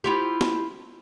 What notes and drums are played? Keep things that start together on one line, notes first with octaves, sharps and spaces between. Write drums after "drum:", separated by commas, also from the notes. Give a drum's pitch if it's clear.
E4 F4 G4
drum: snare